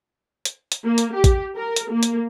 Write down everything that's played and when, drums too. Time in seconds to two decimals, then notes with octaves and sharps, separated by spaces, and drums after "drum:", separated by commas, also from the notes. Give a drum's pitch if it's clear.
0.45 drum: hi-hat
0.72 drum: hi-hat
0.85 A#3
0.98 drum: hi-hat
1.14 G4
1.24 drum: kick, hi-hat
1.55 A#4
1.76 drum: hi-hat
1.91 A#3
2.03 drum: hi-hat